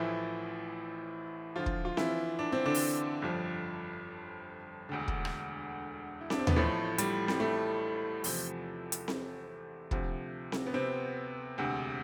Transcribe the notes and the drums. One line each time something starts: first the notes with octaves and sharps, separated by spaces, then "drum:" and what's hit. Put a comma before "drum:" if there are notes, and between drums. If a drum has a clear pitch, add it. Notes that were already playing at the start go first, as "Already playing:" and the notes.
Already playing: A1 A2 E3 F3 E4
D2 D3 F3 F4
drum: kick
F4
E3 E4, drum: snare C4
D4
C4
D3 D4
drum: open hi-hat
G1 F2 D3 F3
E1 D2 D3
drum: kick
drum: rim click
E4
D4, drum: snare C4
C4
B3, drum: tom D#2
A1 A2 F3 A3
G3, drum: hi-hat
G3, drum: snare C4
A3
E2 C3 F3, drum: open hi-hat
drum: hi-hat
drum: snare C4
D2 C3 F3, drum: kick
drum: snare C4
B3
C3 C4
E1 D2 C3